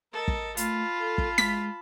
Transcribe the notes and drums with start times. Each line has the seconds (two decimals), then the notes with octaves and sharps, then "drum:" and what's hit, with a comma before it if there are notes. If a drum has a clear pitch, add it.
0.13 A4 A#4 D#5
0.28 drum: kick
0.57 A3 F4 A5 B5, drum: hi-hat
0.99 A4
1.18 drum: kick
1.38 G#3 B6, drum: snare